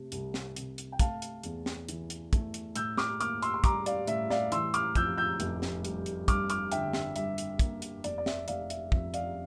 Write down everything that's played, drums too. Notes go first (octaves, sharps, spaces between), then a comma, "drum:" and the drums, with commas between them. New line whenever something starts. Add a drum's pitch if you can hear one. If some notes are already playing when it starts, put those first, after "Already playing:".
Already playing: C3 A3
C2, drum: hi-hat
drum: snare
C3, drum: hi-hat
drum: hi-hat
G5
A3 F5 A5, drum: kick, hi-hat
drum: hi-hat
E2, drum: hi-hat
drum: snare
E3, drum: hi-hat
drum: hi-hat
A3, drum: kick, hi-hat
drum: hi-hat
A2 E6 G6, drum: hi-hat
D6 F6, drum: snare
A#3 D6 F6, drum: hi-hat
C6 E6, drum: hi-hat
C6
G3 A#5 D6, drum: kick, hi-hat
D5 F5, drum: hi-hat
A2 E5, drum: hi-hat
D5 F5, drum: snare
E3 C6 E6, drum: hi-hat
D6 F6, drum: hi-hat
F2 E6 G6, drum: kick, hi-hat
E6 G6
F1, drum: hi-hat
drum: snare
G3, drum: hi-hat
drum: hi-hat
G2 D6 F6, drum: kick, hi-hat
D6 F6, drum: hi-hat
D3 E5 G5, drum: hi-hat
E5, drum: snare
G2 E5, drum: hi-hat
drum: hi-hat
A#3, drum: kick, hi-hat
drum: hi-hat
F1 D5, drum: hi-hat
D5
E5, drum: snare
F1 D5 F5, drum: hi-hat
E5, drum: hi-hat
F2 E5, drum: kick
D5 F5, drum: hi-hat